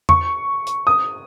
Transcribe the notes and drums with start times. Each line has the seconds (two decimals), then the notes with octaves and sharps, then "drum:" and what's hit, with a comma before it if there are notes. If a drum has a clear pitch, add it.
0.09 C#6, drum: tom E2
0.67 drum: hi-hat
0.87 D#6